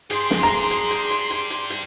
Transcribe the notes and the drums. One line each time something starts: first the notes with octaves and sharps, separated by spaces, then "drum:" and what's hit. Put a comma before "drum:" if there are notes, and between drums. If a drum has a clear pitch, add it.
D4 G4 G#4 C6, drum: hi-hat
drum: snare
A#5
drum: hi-hat
drum: hi-hat
drum: hi-hat
drum: hi-hat
drum: hi-hat
drum: hi-hat